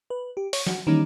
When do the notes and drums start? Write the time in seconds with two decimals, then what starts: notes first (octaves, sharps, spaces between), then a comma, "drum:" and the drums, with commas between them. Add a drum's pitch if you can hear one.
0.10 B4
0.37 G4
0.53 C#5, drum: open hi-hat
0.67 F#4, drum: snare
0.87 D#3 E3 G3 A#3 C#4 D#4